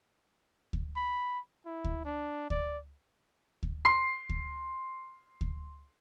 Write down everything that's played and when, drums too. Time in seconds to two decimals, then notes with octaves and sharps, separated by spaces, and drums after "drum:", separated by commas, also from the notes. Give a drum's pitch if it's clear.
0.73 drum: kick D2
0.96 B5
1.66 E4
1.84 drum: kick D2
2.05 D4
2.50 D5, drum: kick D2
3.63 drum: kick D2
3.85 C6 C7
4.29 drum: kick D2
5.41 drum: kick D2